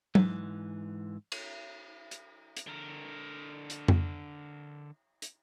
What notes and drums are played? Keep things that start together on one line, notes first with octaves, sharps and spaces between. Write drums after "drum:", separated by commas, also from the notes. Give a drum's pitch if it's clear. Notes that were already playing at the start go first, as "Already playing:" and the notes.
G#2 E3, drum: tom F#3
drum: cymbal
drum: hi-hat
drum: hi-hat
D3 A#4
drum: hi-hat
drum: tom F2
drum: hi-hat